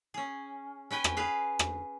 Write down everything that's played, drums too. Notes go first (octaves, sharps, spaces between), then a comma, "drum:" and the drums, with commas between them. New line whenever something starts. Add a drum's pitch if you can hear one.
C#4 G#4
C#4 B4 G5 G#5
drum: rim click
G#4 B4 F5
drum: rim click